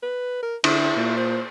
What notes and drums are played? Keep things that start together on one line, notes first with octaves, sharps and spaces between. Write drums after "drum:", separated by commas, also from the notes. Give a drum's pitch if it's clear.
B4
A#4
D3 E4, drum: cymbal
A#2
C5